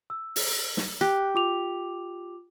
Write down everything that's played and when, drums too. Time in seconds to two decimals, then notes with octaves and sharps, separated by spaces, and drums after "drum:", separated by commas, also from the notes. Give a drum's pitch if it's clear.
0.10 E6
0.36 drum: open hi-hat
0.77 drum: snare
1.01 G4 F#6
1.35 F4 D6 F7